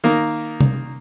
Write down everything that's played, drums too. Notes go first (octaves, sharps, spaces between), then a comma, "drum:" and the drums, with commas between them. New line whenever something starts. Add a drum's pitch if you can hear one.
D#3 A#3
drum: tom C3